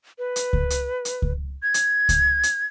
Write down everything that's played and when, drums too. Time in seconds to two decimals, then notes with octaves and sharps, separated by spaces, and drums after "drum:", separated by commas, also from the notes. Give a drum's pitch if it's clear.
0.18 B4
0.36 drum: hi-hat
0.53 drum: kick C#2
0.70 drum: hi-hat
1.05 drum: hi-hat
1.22 drum: kick C#2
1.63 G#6
1.74 drum: hi-hat
2.09 drum: kick C#2, hi-hat
2.43 drum: hi-hat